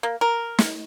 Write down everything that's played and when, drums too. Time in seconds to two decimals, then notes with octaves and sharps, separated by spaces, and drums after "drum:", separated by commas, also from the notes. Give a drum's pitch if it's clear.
0.03 A#3
0.21 A#4
0.58 drum: snare